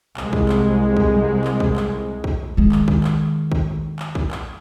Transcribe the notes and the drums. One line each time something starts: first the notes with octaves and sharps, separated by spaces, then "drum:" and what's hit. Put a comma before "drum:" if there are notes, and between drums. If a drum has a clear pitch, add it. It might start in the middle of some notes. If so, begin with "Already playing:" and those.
C2 G#3, drum: clap
drum: kick
drum: clap
drum: kick
drum: clap
drum: kick
drum: clap
drum: kick
D#3 G#3
drum: clap
drum: kick
drum: clap
drum: kick
drum: clap
drum: kick
drum: clap